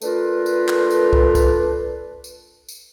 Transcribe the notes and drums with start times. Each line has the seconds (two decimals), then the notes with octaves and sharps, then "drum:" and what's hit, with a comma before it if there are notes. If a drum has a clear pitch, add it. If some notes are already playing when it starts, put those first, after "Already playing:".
0.02 A3 D4 F4 A#4 B4, drum: tambourine
0.46 drum: tambourine
0.68 drum: clap
0.91 drum: tambourine
1.13 drum: kick
1.35 drum: kick, tambourine
2.24 drum: tambourine
2.69 drum: tambourine